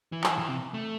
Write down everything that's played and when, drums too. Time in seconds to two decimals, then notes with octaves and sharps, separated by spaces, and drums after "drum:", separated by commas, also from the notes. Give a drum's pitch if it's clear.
0.12 E3
0.24 F#3, drum: clap
0.28 E3
0.39 E3
0.48 C3
0.74 A3